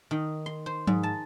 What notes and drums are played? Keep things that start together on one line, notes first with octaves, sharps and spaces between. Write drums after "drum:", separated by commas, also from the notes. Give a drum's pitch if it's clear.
D#3
C6
C5
G#2, drum: tom F3
A5